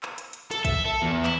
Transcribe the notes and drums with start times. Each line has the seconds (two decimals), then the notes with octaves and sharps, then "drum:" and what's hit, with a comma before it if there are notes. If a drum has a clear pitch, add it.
0.03 drum: clap
0.18 drum: hi-hat
0.33 drum: hi-hat
0.51 A4, drum: hi-hat
0.65 E5, drum: kick, hi-hat
0.86 A4
1.02 E2
1.24 E4, drum: clap